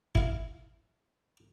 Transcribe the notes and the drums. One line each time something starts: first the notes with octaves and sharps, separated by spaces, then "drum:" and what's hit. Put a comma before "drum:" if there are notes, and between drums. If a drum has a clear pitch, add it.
E4 F5, drum: kick